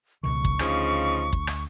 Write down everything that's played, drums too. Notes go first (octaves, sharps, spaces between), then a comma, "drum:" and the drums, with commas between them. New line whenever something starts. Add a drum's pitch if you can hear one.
C#2 B2 D#3 C#6
drum: kick
D2 C#3 F3 D#4, drum: rim click
drum: kick
drum: rim click